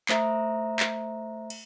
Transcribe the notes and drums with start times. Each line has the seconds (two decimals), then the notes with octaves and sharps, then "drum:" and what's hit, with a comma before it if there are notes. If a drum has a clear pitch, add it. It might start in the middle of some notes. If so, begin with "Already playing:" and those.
0.09 A3 C5 E5 A#5, drum: clap
0.80 drum: clap
1.50 drum: cymbal